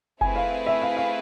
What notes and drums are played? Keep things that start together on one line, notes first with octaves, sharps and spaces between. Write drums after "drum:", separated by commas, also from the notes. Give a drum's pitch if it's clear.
A3 C4 E4 G#4 B4 G#5, drum: kick F#1
F5
E5
F5
F5